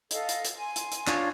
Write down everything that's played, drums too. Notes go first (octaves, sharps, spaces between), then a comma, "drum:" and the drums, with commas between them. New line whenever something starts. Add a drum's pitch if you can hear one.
A4 D#5 F5, drum: hi-hat
drum: hi-hat
drum: hi-hat
G#5 C6
drum: hi-hat
drum: hi-hat
D4 F4 C#5, drum: clap